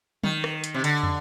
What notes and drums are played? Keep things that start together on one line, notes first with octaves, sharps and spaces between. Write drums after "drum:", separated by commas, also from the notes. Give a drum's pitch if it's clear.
D#3, drum: tom
drum: rim click
drum: hi-hat
C3
D3, drum: hi-hat
drum: tom